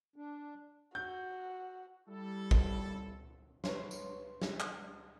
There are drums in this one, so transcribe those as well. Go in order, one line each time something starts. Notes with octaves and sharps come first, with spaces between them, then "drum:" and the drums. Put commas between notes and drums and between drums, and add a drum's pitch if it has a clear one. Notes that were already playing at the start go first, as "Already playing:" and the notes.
D4
F#4 G6
G3 E4 A4
drum: kick
B4 C#5 C6, drum: snare
drum: tambourine
drum: snare
drum: clap